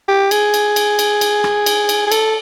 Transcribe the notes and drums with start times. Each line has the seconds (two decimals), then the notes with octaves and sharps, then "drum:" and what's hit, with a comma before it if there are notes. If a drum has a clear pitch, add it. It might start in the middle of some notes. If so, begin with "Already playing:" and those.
0.08 G4
0.31 G#4, drum: cymbal
0.54 drum: cymbal
0.76 drum: cymbal
0.99 drum: cymbal
1.21 drum: cymbal
1.44 drum: rim click
1.66 drum: cymbal
1.89 drum: cymbal
2.07 G#4
2.12 A4, drum: cymbal